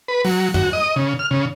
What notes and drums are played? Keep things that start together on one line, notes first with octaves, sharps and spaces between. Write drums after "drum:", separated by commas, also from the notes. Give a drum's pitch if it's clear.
B4
F#3, drum: open hi-hat
F#4, drum: tom F2
D#5
C#3
F6
C#3